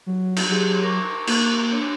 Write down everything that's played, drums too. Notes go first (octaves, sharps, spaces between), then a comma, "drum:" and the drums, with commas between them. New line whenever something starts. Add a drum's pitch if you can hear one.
F#3
drum: cymbal
F#3 G4 G#4 C#5
A#4 C#6 D6
A#3, drum: cymbal
D4 C#5